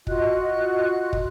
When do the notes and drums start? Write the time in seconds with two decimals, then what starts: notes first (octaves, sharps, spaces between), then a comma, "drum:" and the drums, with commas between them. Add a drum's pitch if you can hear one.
0.07 F4 F#4 D#5 F#6, drum: kick
1.13 drum: kick